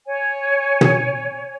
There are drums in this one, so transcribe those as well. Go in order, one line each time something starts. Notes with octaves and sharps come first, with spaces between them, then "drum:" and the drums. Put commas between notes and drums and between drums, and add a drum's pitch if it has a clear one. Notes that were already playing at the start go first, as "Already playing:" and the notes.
C#5 G#5
drum: tom